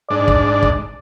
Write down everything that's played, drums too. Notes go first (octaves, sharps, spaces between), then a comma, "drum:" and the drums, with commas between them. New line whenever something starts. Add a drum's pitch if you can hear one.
G#2 D4 D5
drum: kick
drum: kick